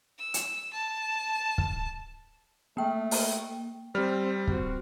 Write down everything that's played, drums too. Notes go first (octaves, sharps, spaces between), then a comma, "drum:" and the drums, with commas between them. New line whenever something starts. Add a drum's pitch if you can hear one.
E6
drum: hi-hat
A5
drum: kick
A3 A#3 G5
drum: open hi-hat
G3 C4 F6
C4 F#4, drum: kick